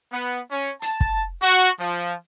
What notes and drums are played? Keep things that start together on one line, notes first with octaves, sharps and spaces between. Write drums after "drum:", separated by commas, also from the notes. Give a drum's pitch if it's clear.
B3
C#4
A5, drum: hi-hat
drum: kick
F#4
F3